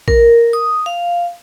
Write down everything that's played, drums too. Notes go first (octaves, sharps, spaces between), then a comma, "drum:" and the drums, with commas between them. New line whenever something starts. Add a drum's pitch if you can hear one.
A#4, drum: kick A#1
D#6
F5